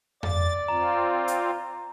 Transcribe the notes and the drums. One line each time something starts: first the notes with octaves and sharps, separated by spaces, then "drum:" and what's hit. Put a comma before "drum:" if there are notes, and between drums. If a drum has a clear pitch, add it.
D5 A6, drum: tom F2
C4 F4 A#5
drum: hi-hat